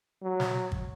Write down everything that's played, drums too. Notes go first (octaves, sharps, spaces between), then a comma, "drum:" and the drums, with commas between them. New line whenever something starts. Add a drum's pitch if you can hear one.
F#3
drum: snare
drum: kick